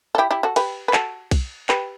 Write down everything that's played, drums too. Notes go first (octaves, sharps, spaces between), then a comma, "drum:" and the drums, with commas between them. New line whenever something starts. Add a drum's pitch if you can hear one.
A4
E4 G4
E4 G4
F#4 A4
G4 B4, drum: cymbal
B4
F#4 A4, drum: clap
drum: kick B1, cymbal
G4 B4, drum: clap